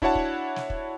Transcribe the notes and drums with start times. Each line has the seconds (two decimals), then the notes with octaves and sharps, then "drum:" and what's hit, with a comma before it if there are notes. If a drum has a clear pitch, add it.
0.02 D4 E4 F#4 C#5 F#5 A5, drum: kick
0.15 drum: kick
0.56 drum: snare
0.70 drum: kick